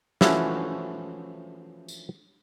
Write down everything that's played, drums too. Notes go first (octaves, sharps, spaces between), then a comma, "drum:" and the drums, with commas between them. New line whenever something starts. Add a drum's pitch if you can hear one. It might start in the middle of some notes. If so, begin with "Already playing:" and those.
E3 F3 A3 C#4 E4 F#4, drum: snare
drum: tambourine